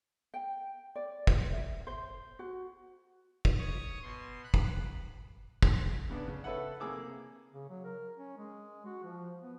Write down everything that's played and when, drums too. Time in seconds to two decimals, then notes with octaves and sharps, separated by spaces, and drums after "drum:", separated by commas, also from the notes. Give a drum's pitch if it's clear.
0.34 G5
0.95 D5
1.27 drum: kick
1.52 E5
1.87 C5
2.39 F#4
3.45 drum: kick
3.58 C#5 C#6 D#6
4.03 B2 C6
4.44 B5 F#6
4.54 drum: kick
5.63 drum: kick
6.10 C#3 B3 D4
6.28 C#3
6.44 A4 B4 C#5 E5 F#5
6.80 C3 A#3 G#4 D6 E6
7.53 C#3
7.69 F#3
7.84 A#4
8.17 C#4
8.37 G#3
8.86 F#4
9.03 F3
9.41 B3